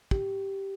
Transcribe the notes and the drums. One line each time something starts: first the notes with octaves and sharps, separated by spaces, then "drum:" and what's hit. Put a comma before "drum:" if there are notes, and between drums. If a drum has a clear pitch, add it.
G4, drum: kick